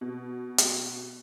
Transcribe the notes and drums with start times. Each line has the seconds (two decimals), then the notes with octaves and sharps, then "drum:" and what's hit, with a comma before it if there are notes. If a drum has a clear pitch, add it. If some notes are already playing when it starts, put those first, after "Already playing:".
0.01 B2
0.58 drum: hi-hat